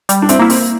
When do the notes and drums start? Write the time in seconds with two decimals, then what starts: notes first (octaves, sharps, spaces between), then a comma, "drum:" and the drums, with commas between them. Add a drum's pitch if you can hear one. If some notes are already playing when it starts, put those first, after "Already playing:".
0.09 G3, drum: hi-hat
0.22 D4
0.29 C4 E4, drum: hi-hat
0.39 A#3 E4
0.50 C4, drum: open hi-hat